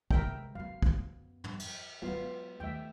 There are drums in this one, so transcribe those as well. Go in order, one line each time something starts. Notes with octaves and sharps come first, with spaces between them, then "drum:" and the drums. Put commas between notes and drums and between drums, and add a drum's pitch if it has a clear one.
C3 G#3 A#4 E5 G5, drum: kick
F#2 B3 F5
drum: kick
drum: tom
drum: cymbal
F#3 G#3 B3 F4 F5
D#2 A3 E5 G5